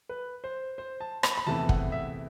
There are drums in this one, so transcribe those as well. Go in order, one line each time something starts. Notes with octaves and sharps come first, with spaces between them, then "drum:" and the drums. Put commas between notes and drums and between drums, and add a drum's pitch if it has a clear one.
B4
C5
C5
A5
B5, drum: rim click
B5
E2 C3 E3 A3 A5
F#5, drum: kick
E5